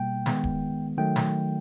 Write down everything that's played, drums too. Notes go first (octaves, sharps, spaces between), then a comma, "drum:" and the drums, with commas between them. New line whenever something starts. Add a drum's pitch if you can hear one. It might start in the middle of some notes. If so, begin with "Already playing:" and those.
Already playing: B2 G3 A#3 G5
D#3 G#3 B3, drum: snare
drum: kick D1
D#3 F#3 A3 G5
drum: snare